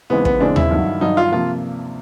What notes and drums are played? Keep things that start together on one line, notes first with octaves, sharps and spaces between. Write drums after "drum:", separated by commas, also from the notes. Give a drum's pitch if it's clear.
D#2 C#3 E3 G#3 B3 C4
B3, drum: kick
D#2 C#3 E3 G#3 C4 D4
E4, drum: tom D#2
G2 D#3 F#3
G2 D#3 F#3 D#4
F4
C3 F3 A#3 F4